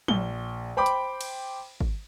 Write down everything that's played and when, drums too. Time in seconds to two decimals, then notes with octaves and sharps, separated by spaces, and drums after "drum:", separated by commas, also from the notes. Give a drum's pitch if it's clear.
0.08 A#1 G7, drum: tom
0.77 C5 G5 B5 D6
0.86 drum: hi-hat
1.21 drum: cymbal
1.81 drum: kick G#1